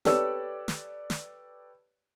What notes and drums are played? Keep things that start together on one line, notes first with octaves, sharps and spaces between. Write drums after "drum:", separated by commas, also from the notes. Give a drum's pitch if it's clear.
G4 A4 B4 C#5 D5 E6, drum: snare
drum: snare
drum: snare